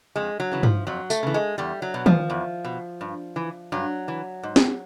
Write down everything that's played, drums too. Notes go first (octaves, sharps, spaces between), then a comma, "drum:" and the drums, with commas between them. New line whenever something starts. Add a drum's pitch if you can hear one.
F2 G#3
F#3
C#3 E3
F3, drum: tom G2
F2 F#3
A3, drum: tambourine
C#3 E3
G#3
E2 G3
F#3
B2
F3, drum: tom D#3
E2
B2
G2
E3
G2 F#3
E3
G#2
drum: snare